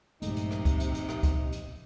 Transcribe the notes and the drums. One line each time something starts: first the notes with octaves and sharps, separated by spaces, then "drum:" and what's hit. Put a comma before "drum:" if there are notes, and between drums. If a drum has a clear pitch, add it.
A#1 G2 C3 G#3 A3 D#4, drum: hi-hat
drum: hi-hat
drum: rim click
drum: kick, hi-hat
drum: hi-hat
drum: hi-hat
drum: rim click
drum: kick, hi-hat
drum: hi-hat